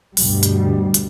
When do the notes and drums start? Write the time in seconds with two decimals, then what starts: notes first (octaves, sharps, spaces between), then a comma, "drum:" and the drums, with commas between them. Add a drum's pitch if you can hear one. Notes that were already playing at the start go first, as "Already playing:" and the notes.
0.17 D2 G2 B2 G3, drum: open hi-hat
0.43 drum: hi-hat
0.94 drum: hi-hat